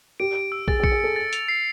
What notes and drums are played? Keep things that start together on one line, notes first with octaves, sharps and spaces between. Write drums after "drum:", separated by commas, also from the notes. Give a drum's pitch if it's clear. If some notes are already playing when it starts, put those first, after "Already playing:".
G4 D7
D7
E6
G#4 A6, drum: kick
G#4
C#7, drum: kick
G#4
A4 C#7
A6
F7, drum: hi-hat
C7